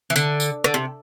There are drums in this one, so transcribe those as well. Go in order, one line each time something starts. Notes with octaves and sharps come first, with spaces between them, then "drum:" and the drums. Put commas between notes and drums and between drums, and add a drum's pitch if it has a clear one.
E3
D3, drum: tambourine
drum: tambourine
D3, drum: rim click
C3